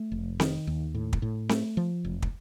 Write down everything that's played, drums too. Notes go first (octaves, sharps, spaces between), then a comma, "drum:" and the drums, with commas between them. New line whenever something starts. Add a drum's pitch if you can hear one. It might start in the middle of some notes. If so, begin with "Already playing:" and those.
Already playing: A3
F1
D#3, drum: snare C4
D#2
A2
drum: kick
A2
A3, drum: snare C4
F3
F1
drum: kick